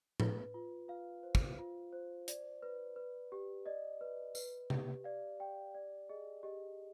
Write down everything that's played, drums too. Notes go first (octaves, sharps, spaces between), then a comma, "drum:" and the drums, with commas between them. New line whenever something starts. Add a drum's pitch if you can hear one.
B4, drum: tom A2
F4
F4 F5
C5
drum: kick
F4
C5
D5, drum: hi-hat
B4
B4
G4
D5 D#5
B4
B4, drum: tambourine
G4, drum: tom C3
D5 F5
G4 G5
D5
G#4 D#5
G4 D#5